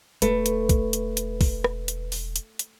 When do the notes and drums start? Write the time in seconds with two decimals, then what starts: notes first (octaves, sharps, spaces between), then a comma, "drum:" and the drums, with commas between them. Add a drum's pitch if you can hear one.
0.22 E1 A3 B4, drum: hi-hat
0.46 drum: hi-hat
0.69 drum: kick, hi-hat
0.93 drum: hi-hat
1.17 drum: hi-hat
1.41 drum: kick, open hi-hat
1.64 drum: rim click
1.88 drum: hi-hat
2.12 drum: open hi-hat
2.36 drum: hi-hat
2.59 drum: hi-hat